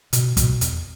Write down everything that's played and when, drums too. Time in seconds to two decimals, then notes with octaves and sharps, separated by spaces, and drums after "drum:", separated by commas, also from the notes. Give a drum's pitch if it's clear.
0.13 B2, drum: hi-hat
0.37 B2, drum: kick, hi-hat
0.61 E2, drum: hi-hat